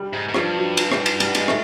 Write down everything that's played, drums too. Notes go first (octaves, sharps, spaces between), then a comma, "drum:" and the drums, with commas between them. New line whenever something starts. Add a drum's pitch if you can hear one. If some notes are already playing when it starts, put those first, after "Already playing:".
Already playing: G3
G#2
G#2
G2 F3, drum: rim click
F#3
drum: cymbal
drum: rim click
drum: cymbal
G3, drum: cymbal
G#3, drum: cymbal
A3, drum: rim click